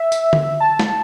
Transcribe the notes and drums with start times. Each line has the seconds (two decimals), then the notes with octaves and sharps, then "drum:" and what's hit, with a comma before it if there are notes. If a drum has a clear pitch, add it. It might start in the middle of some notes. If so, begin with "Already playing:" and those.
Already playing: E5
0.12 drum: tambourine
0.33 drum: tom D3
0.60 A5
0.79 drum: snare